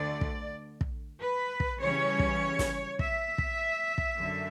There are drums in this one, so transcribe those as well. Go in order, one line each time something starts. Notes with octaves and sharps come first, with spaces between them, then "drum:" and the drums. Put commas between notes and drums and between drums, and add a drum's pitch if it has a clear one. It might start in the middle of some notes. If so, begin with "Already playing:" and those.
Already playing: D2 D3 A3 D5
drum: kick
drum: kick
B4
drum: kick
C#3 E3 G3 C#4 C#5
drum: kick
drum: snare
E5, drum: kick
drum: kick
drum: kick
F#2 D3